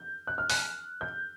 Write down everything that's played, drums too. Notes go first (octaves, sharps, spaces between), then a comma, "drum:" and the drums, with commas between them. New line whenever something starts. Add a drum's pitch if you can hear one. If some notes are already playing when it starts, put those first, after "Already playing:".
Already playing: G6
F#6
F6
F#6, drum: open hi-hat
G6